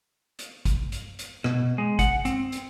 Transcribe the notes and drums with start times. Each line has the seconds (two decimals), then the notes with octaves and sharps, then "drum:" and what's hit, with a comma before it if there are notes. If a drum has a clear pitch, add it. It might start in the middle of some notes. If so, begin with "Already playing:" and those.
0.39 drum: hi-hat
0.65 drum: kick G#1, hi-hat
0.92 drum: hi-hat
1.19 drum: hi-hat
1.44 B2, drum: rim click
1.78 G#3
1.99 F#5, drum: kick G#1, hi-hat
2.25 C4, drum: hi-hat
2.52 drum: hi-hat